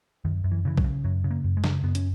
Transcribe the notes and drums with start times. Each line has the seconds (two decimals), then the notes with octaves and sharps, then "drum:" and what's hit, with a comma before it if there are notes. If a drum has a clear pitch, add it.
0.25 F#2 D#3
0.44 F#2
0.51 E3
0.65 C#3 E3
0.78 F#3, drum: kick A#1
0.84 C#3
1.04 F#2 F#3
1.24 C#3
1.31 A#3
1.44 F#2
1.57 G#3
1.64 C#3, drum: snare
1.83 F#2 B3
1.95 C#4, drum: hi-hat